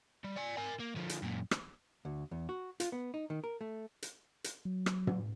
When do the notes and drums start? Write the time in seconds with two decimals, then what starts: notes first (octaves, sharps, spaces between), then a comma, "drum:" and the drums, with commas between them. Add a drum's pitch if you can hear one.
0.24 G3
0.36 D5 G#5
0.57 A#4 G#5
0.79 A#3
0.96 D3 F3
1.09 drum: hi-hat
1.22 F#2 A#2
1.51 drum: rim click
2.05 D2
2.31 E2
2.49 F#4
2.80 F4, drum: hi-hat
2.92 B3
3.14 D#4
3.30 D#3
3.44 A#4
3.61 A3
4.02 drum: hi-hat
4.44 drum: hi-hat
4.65 F#3
4.86 drum: rim click
5.07 drum: tom